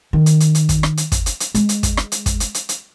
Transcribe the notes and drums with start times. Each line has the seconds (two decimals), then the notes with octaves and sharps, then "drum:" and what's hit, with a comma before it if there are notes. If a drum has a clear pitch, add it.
0.13 D#3
0.26 drum: hi-hat
0.40 drum: hi-hat
0.55 drum: hi-hat
0.69 drum: kick, hi-hat
0.83 drum: rim click
0.97 drum: hi-hat
1.12 drum: kick, hi-hat
1.26 drum: hi-hat
1.40 drum: hi-hat
1.55 G#3, drum: hi-hat
1.69 drum: hi-hat
1.83 drum: kick, hi-hat
1.97 drum: rim click
2.12 drum: hi-hat
2.26 drum: kick, hi-hat
2.40 drum: hi-hat
2.54 drum: hi-hat
2.69 drum: hi-hat